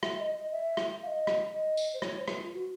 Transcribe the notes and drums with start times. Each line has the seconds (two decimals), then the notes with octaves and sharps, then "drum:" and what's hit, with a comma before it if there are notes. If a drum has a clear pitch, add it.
0.03 E5, drum: rim click
0.19 D#5
0.35 D#5
0.52 E5
0.77 drum: rim click
1.03 F5
1.07 D#5
1.27 drum: rim click
1.53 D#5
1.77 drum: tambourine
1.93 C5
2.02 C#5, drum: rim click
2.19 C5
2.28 B4, drum: rim click
2.42 F4
2.53 F#4